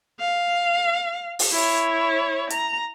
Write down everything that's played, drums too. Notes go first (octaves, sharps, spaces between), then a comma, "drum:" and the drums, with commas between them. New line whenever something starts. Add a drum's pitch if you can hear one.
F5
drum: open hi-hat
E4 C#5
A#5, drum: hi-hat